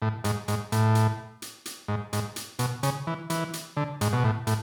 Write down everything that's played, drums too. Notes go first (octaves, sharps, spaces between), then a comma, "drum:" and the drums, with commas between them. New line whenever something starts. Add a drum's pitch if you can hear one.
A2
G#2, drum: hi-hat
G#2, drum: hi-hat
A2, drum: hi-hat
drum: hi-hat
drum: hi-hat
drum: hi-hat
G#2
G#2, drum: hi-hat
drum: hi-hat
B2, drum: hi-hat
C#3, drum: hi-hat
E3
E3, drum: hi-hat
drum: hi-hat
D3
G#2, drum: hi-hat
B2
A2
A2, drum: hi-hat